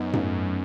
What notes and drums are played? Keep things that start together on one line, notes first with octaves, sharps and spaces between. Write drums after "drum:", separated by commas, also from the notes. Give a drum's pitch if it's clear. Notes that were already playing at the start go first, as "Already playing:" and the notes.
Already playing: F#2 B3 D#4
A3 C#4, drum: tom G#2